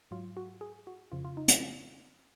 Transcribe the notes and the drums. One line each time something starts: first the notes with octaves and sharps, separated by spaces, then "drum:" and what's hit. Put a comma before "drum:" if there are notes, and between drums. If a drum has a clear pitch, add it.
G#2 F#3 F4
F#4
G#4
F#4
F2 C#3 F3 F4
F4
D#4
drum: hi-hat